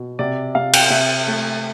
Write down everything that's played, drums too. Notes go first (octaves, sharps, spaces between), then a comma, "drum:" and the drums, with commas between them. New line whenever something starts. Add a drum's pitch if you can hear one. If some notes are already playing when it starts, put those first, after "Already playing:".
Already playing: B2
C3 D5
C3 F5
G5, drum: cymbal
C3 E5
A3